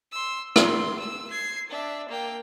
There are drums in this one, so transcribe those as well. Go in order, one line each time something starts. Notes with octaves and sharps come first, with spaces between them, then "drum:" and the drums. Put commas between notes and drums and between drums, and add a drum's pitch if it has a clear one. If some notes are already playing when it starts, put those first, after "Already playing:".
C6 E6
C6, drum: rim click
E6
G#6 C7
D4 E5
A#3 G5